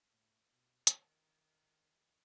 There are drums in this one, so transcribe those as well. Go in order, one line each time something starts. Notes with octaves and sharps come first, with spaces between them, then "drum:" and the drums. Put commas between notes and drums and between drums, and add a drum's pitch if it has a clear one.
A2
B2
D#3, drum: hi-hat